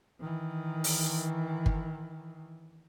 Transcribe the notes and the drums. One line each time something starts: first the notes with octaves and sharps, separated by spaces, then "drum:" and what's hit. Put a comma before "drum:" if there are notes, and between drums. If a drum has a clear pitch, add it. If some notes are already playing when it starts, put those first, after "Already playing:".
D#3 E3
drum: open hi-hat
drum: kick G1